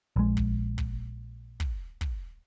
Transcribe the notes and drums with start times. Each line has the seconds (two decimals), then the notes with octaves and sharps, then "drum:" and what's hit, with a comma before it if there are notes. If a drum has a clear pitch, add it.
0.16 A#1 G#3
0.37 drum: kick
0.78 drum: kick
1.60 drum: kick
2.01 drum: kick